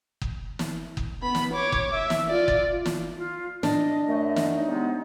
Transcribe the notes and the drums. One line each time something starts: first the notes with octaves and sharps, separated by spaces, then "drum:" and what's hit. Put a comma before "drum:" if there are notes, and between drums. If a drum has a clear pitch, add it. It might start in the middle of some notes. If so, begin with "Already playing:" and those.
drum: kick F#1
drum: snare
drum: kick F#1
B3 B5
drum: snare
C#5 D6
drum: kick F#1
E5
drum: snare
F4 D5
drum: kick F#1
drum: snare
F4
D4 D#5, drum: snare
F#2 A3 D#5
drum: snare
D#4
C3 G#3 B3